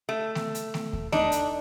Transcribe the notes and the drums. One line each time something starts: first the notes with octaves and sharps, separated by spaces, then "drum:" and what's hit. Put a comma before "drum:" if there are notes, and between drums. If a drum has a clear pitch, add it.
A3
drum: snare A3
drum: hi-hat
drum: snare A3
drum: kick D#2
D4 D#4, drum: snare A3
drum: hi-hat